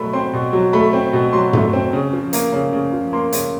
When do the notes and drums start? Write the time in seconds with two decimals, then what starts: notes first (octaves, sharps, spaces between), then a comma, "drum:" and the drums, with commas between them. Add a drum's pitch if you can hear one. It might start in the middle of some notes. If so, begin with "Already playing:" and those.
Already playing: B2 F#3 A3 B5
0.13 C4 C6
0.33 B2
0.53 F#3
0.73 A3 B5
0.93 C4
1.13 B2
1.33 F#3 C6
1.53 A3, drum: tom G2
1.73 C4
1.93 C#3
2.13 F3
2.33 A#3, drum: hi-hat
2.52 C#3
2.73 C#3
2.92 F3
3.13 A#3 C6
3.33 C#3, drum: hi-hat